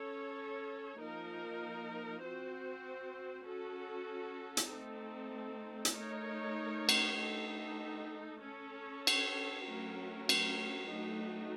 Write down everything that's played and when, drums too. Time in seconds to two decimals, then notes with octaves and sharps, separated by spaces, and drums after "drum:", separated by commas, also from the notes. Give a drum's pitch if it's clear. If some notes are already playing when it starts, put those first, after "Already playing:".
Already playing: C#4 A4 C#5
0.99 F3 A#3 D#4 A#4
2.23 C4 F#4 C5
3.46 C#4 F#4 A4
4.57 drum: hi-hat
4.70 A3 C4 D#4 A4
5.85 drum: hi-hat
5.94 A3 D#4 A#4 C#5
6.89 drum: cymbal
7.18 A3 D#4 A4
8.41 C#4 A4 C#5
9.07 drum: cymbal
9.65 F#3 A3 C#4 F#4 A#4
10.29 drum: cymbal
10.88 F#3 A3 D#4 F#4